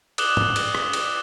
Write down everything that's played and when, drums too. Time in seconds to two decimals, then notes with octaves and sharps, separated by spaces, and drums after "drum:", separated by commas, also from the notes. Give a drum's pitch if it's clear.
0.18 D6 D#6 F#6 E7 F#7 G7, drum: cymbal
0.37 drum: tom
0.56 drum: cymbal
0.75 drum: rim click
0.93 drum: cymbal